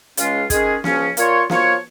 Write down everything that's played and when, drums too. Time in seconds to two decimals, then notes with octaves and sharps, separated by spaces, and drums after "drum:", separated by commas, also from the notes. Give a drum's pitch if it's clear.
0.17 C#2 C#3 G#3 C#4 F4, drum: hi-hat
0.50 D#3 G#3 C#4 G#4, drum: kick, hi-hat
0.84 C#2 C#3 F3 C#4, drum: snare
1.17 A#2 A#3 F4 C#5, drum: hi-hat
1.50 F3 A#3 F4 C#5, drum: snare